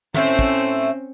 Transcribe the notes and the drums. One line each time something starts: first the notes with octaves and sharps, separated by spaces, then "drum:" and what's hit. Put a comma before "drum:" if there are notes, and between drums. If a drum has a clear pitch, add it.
A2 A3 C4 C#4 C5, drum: tom
drum: kick